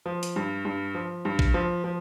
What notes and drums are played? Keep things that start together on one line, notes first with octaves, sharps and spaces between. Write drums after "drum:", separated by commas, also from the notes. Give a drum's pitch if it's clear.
F3
drum: hi-hat
G2
G2
F3
G2
drum: kick A1
F3
F3